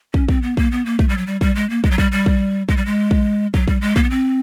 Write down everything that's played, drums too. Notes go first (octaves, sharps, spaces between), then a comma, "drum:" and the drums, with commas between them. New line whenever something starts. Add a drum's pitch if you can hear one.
C#4, drum: kick
C4, drum: kick
B3
A#3, drum: kick
B3
A#3
A3, drum: kick
G3
F#3
G3
G3, drum: kick
G#3
A#3
G#3, drum: kick
F#3
G3, drum: kick
G3
drum: kick
G#3, drum: kick
G3
G#3
drum: kick
F#3, drum: kick
G3, drum: kick
G#3
A#3, drum: kick
B3
C4